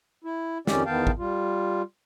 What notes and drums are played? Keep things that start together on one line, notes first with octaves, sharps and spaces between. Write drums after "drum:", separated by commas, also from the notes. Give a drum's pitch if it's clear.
E4
F2 D#3 C#4 G4 D5, drum: snare
E2 D#3 B3 F5 G5 A5
drum: kick
G3 F4